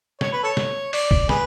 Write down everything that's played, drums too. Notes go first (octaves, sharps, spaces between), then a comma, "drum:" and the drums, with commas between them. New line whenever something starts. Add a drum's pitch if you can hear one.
C#5, drum: snare
B4
A4 C#5
drum: snare
D5, drum: open hi-hat
drum: kick
G#4 B4, drum: snare